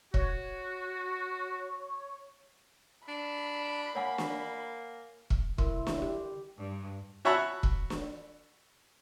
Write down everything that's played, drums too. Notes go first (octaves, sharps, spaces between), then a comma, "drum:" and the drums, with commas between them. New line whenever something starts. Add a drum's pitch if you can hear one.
F#4 C#5, drum: kick
D4 B5
A#3 C#5 F#5 G#5
drum: snare
drum: kick
C2 D3 E4 A#4 C6, drum: kick
drum: snare
D3 G4
G2
F#4 C#5 E5 F#5 A5 B5
drum: kick
drum: snare